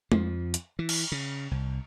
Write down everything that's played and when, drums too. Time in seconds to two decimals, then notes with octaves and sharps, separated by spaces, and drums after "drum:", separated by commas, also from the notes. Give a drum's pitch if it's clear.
0.12 F2 F3, drum: tom G#3
0.54 drum: hi-hat
0.79 E3
0.89 drum: cymbal
1.12 C#3
1.51 C2